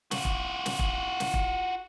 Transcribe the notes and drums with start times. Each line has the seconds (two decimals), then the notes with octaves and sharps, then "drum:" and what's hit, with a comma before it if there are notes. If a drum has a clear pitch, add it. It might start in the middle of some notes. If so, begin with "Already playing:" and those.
0.11 F4 F#4, drum: snare
0.25 drum: kick E1
0.66 drum: snare
0.79 drum: kick E1
1.20 drum: snare
1.34 drum: kick E1